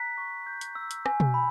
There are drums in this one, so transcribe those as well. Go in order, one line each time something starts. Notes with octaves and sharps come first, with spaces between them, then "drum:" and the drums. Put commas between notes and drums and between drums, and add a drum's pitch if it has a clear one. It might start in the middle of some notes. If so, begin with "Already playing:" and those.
Already playing: A#5 F#6 B6
C#6
G6
drum: hi-hat
E6
drum: hi-hat
G#5, drum: rim click
drum: tom B2
B5